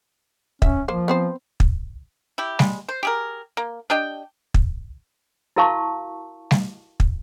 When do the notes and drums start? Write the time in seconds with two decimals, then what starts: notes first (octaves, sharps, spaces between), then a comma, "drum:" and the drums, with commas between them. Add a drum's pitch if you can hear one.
0.62 C#4 E5, drum: kick
0.88 F3 A#3 C5
1.08 B3 C4 C5
1.60 drum: kick
2.38 E4 G4
2.59 G3 G#3, drum: snare G3
2.89 C5
3.03 G4 G#4 A#4
3.57 A#3
3.90 D4 G4 D#5 G5
4.54 drum: kick
5.56 E4 F#4 A#4 F5 A5 C#6
6.51 drum: snare G3
7.00 drum: kick